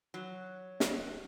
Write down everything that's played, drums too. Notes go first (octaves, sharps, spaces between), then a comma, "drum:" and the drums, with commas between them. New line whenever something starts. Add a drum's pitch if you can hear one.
F#3
drum: snare